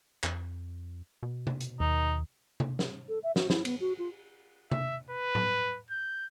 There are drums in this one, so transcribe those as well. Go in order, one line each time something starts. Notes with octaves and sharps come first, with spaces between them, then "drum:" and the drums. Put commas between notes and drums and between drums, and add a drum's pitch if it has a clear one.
F2, drum: clap
B2
drum: tom C3
drum: hi-hat
D#2 D#4
drum: tom C3
drum: snare
A4
E5
F#4, drum: snare
E4, drum: snare
B3, drum: cymbal
F#4
F4
E5, drum: tom C3
B4
drum: tom A2
G6